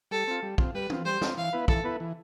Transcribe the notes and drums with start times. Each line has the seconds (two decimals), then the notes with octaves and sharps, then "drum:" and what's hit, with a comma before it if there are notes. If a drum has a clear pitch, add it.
0.11 G3 A4
0.27 C4 F4
0.43 G3
0.58 C4 F4, drum: kick
0.74 G3 B4
0.90 C4 F4, drum: tom
1.05 G3 C5
1.21 C4 F4, drum: snare
1.37 E3 F5
1.53 B3 E4 B4
1.68 E3 A4, drum: kick
1.84 B3 E4 B4
2.00 E3